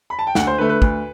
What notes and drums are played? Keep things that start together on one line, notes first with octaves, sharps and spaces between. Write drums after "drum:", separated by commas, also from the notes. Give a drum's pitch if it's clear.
B5
A5
G5
D2 F#5, drum: snare
C5
D3 A3 B4
B4
D2, drum: kick